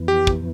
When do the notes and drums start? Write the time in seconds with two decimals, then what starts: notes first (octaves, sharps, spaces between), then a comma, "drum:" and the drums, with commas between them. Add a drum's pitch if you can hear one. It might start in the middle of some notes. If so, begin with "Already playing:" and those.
Already playing: F2 E3 B3
0.08 G4
0.27 drum: kick